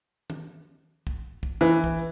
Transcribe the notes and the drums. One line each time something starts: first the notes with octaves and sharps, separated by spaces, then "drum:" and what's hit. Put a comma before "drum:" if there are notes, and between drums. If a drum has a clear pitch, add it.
drum: tom
drum: kick
drum: kick
E3
drum: kick